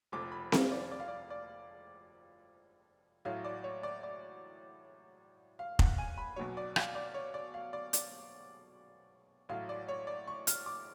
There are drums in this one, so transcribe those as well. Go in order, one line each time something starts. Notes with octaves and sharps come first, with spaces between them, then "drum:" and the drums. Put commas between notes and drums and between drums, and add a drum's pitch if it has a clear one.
F1 F2 F3 D6
B5
F5, drum: snare C4
D5
D5
F5
D5
D5
A1 A2 F#3 F5
D5
C#5
D5
D5
F5
F#5, drum: kick F1
G#5
B5
B1 B2 F#3 C#5
D5
F5, drum: rim click
D5
C#5
D5
F5
D5
D5, drum: hi-hat
A1 A2 F#3 F5
D5
C#5
D5
C#6
F6, drum: hi-hat
D6